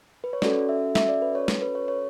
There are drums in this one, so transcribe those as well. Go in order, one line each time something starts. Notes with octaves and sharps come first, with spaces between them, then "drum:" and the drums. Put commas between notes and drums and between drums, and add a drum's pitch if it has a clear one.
B4
C#5
C#4 F#4 A4 D5, drum: snare
E5
E5, drum: snare
D5
B4
C#5
C#5, drum: snare
B4
C#5
C#5